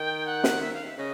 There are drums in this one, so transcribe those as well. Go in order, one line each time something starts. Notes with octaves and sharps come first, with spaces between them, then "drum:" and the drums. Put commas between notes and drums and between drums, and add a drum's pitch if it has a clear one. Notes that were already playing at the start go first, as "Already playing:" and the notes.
Already playing: D#3 G5
F#5
drum: snare
E5
F5
E5
C#3 D#5